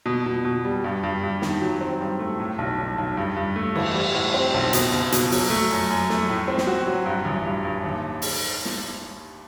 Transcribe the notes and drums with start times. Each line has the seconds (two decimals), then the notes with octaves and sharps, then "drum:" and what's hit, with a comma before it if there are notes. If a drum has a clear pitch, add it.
0.06 B2
0.26 B2
0.45 B2
0.65 G3
0.84 G2
1.03 G2
1.23 G2
1.42 D#3, drum: snare
1.61 F#3
1.81 C4
2.01 G2
2.19 A3
2.40 A2
2.58 B1
2.78 B1
2.98 B1
3.17 G2
3.36 G2
3.56 A3
3.75 E3, drum: cymbal
3.95 G3
4.14 A2
4.34 C4
4.54 B1
4.73 B2, drum: hi-hat
4.92 F#1
5.12 B2, drum: hi-hat
5.32 F#3, drum: open hi-hat
5.50 A3
5.71 F#2
5.90 F#2
6.10 A3, drum: snare
6.29 A2
6.48 C4
6.58 drum: snare
6.67 F#4
6.87 F#3
7.06 G2
7.25 A1
7.46 G2
7.65 G2
7.84 D#2
8.22 drum: open hi-hat
8.65 drum: snare